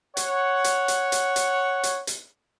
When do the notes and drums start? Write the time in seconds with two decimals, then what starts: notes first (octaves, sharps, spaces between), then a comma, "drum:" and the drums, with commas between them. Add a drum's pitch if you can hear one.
0.17 C#5 F#5, drum: hi-hat
0.64 drum: hi-hat
0.88 drum: hi-hat
1.12 drum: hi-hat
1.36 drum: hi-hat
1.83 drum: hi-hat
2.07 drum: hi-hat